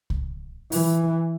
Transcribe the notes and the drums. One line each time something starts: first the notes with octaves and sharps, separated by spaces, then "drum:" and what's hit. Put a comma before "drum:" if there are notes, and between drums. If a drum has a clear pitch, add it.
drum: kick C2
E3, drum: open hi-hat